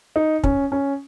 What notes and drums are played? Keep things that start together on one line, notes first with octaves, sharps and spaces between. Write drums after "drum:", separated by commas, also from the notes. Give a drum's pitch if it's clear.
D#4
C#4, drum: kick
C#4